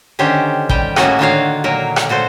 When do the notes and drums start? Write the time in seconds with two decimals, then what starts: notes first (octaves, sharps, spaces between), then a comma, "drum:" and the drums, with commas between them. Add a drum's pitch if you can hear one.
0.19 D3 D#3 C#4 G4 C5
0.69 G3 G5, drum: kick
0.96 A2 A#3 C#4 F#4 A4 D#5, drum: rim click
1.19 D3 D#3 F4 F#4 C#5 F5
1.64 A#2 F#3 A#4
1.96 drum: rim click
2.09 A#2 F#4 A4 C5